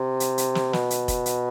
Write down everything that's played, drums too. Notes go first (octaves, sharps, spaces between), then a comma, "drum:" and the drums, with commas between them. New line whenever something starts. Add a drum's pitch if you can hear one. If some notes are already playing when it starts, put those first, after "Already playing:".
Already playing: C3
drum: hi-hat
drum: hi-hat
drum: snare
B2, drum: snare
drum: hi-hat
drum: kick F1, hi-hat
drum: hi-hat